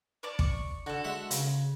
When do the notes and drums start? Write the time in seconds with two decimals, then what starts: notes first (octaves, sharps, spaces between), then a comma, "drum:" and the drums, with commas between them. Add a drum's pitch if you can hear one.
0.23 C#5 D5 A5
0.39 C#6, drum: kick
0.86 D3 F#4 A4
1.04 G#3 E5 F#5
1.31 C#3, drum: hi-hat